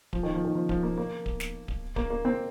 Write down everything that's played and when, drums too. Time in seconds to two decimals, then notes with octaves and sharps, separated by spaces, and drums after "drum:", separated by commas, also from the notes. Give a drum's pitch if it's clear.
0.13 F3, drum: kick D1
0.23 D#3
0.34 F3
0.45 D#3
0.55 F3
0.69 F3, drum: kick D1
0.83 A#3
0.98 A#3
1.26 drum: kick D1
1.40 drum: snare
1.68 drum: kick D1
1.96 A#3, drum: kick D1
2.10 A#3
2.25 C4